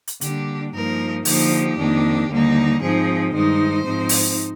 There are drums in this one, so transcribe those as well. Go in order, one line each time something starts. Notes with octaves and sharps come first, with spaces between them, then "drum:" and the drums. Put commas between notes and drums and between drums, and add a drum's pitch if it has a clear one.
drum: hi-hat
D3 G3 A#3 D4 G4, drum: hi-hat
G2 F3 A#3 D#4 A#4
D3 F3 A#3 D#4 G4, drum: open hi-hat
F2 D#3 A#3 D4
D#2 D3 G3 A#3 D#4
G#2 F3 C4 D#4 G#4
G2 D#3 G#3 D#4 C5
G#2 F3 C4 D#4
drum: open hi-hat